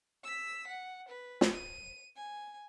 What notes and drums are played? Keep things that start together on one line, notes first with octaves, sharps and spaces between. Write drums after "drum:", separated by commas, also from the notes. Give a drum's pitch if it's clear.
E6 B6
F#5
B4
drum: snare
D#7
G#5